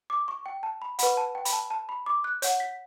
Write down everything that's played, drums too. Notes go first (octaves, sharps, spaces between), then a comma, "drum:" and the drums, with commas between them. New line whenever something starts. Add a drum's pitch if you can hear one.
D6
C#6
G5
A5
B5
B4 F#5 B5, drum: hi-hat
A5
G5
B5, drum: hi-hat
A5
A5
B5
D6
F#6
C#5 F#5 G6, drum: hi-hat
B6